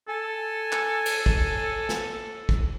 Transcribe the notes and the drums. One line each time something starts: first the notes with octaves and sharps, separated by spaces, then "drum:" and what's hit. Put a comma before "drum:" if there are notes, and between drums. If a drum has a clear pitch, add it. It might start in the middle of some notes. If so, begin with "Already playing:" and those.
A4 G#5
drum: clap
drum: cymbal
drum: kick
drum: snare
drum: kick